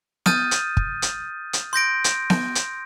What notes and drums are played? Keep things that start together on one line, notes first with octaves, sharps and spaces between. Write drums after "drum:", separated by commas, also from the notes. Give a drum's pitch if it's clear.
D#6 F6 G6 A6 D#7, drum: snare B3
drum: hi-hat
drum: kick
drum: hi-hat
drum: hi-hat
C6 G6 A#6 D7
drum: hi-hat
drum: snare B3
drum: hi-hat